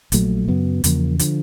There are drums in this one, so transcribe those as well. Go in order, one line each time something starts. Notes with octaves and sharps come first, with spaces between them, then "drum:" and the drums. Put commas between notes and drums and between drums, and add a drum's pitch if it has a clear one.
A#1 A#2 F#3 A3, drum: hi-hat
F#2 C#3 F#3 B3
E2 C#3 F3 A#3, drum: hi-hat
D3 F3, drum: hi-hat